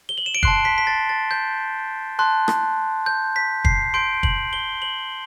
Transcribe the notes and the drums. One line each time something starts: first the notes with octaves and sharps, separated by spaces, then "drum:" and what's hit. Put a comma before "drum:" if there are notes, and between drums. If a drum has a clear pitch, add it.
G7
F#7
E7
D7
A5 C6 F#6 C7, drum: kick
B6
B6
A6
A6
G6
A5 C6 F#6
drum: rim click
G6
B6
C7, drum: kick
C6 G6 D7
F#7, drum: kick
G7
F#7